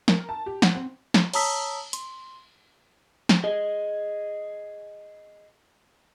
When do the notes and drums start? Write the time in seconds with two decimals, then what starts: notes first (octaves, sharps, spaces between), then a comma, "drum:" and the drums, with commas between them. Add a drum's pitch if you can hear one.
0.08 A#4, drum: snare
0.29 A5
0.46 G4
0.62 F#5, drum: snare
0.75 C4
1.14 drum: snare
1.34 C#5 A5 A#5 D#6 E6 B6, drum: cymbal
1.93 C6, drum: hi-hat
3.29 drum: snare
3.44 G#4 D#5